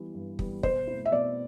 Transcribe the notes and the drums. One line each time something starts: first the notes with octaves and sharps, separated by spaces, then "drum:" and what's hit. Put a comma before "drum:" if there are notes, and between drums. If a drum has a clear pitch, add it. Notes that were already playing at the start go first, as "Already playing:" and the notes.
Already playing: E3 G3 B3
G2
E3 G3 B3, drum: kick
B2 C5, drum: kick
A3 C4 E4
E5
B2 D5